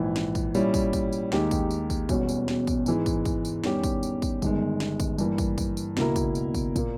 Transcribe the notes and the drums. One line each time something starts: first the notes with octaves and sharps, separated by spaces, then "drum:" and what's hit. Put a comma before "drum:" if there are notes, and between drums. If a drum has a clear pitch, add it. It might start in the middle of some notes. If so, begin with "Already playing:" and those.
Already playing: A#1 G#2 E3
drum: snare
drum: kick, tambourine
A#2 G3 C#4 E4, drum: tambourine
drum: kick, tambourine
drum: kick, tambourine
drum: tambourine
D#2 D#3 G#3 D#4 G4, drum: snare
drum: kick, tambourine
drum: tambourine
drum: kick, tambourine
E1 E2 B2 G3 C#4, drum: kick, tambourine
drum: tambourine
drum: snare
drum: kick, tambourine
G#2 E3 G#3, drum: tambourine
drum: kick, tambourine
drum: kick, tambourine
drum: tambourine
E2 D#3 G3 C#4 G4, drum: snare
drum: kick, tambourine
drum: tambourine
drum: kick, tambourine
G1 G2 D#3 G#3, drum: kick, tambourine
drum: snare
drum: kick, tambourine
G2 E3 A#3, drum: tambourine
drum: kick, tambourine
drum: kick, tambourine
drum: tambourine
C#2 B2 A#3 E4 A#4, drum: snare
drum: kick, tambourine
drum: tambourine
drum: kick, tambourine
A#2 A#3, drum: kick, tambourine